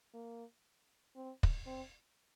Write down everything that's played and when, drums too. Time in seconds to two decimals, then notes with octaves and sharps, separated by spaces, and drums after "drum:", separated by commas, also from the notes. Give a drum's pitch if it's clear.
0.14 A#3
1.16 C4
1.43 drum: kick
1.67 C4